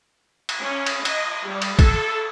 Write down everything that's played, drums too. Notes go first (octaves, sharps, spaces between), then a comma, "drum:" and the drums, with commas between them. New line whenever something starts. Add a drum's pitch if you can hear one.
drum: cymbal
C#4
drum: cymbal
D#5, drum: cymbal
G3
drum: cymbal
A4, drum: kick, cymbal